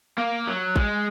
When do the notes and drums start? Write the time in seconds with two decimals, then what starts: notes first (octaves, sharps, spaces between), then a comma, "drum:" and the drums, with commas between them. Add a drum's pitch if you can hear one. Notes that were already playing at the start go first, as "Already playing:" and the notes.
0.18 A#3
0.47 F#3
0.76 G#3, drum: kick A1